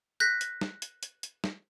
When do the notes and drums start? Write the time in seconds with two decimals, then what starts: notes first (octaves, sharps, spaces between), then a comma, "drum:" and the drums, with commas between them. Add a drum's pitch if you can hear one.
0.20 F#6 G6 A#6 B6
0.41 drum: hi-hat
0.61 drum: snare
0.82 drum: hi-hat
1.03 drum: hi-hat
1.23 drum: hi-hat
1.44 drum: snare